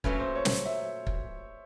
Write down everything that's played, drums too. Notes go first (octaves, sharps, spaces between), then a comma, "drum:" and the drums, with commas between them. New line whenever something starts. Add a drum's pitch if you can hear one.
A#2 F#3 A3 C#4 B4, drum: kick
C5
C#5
drum: snare
E5
drum: kick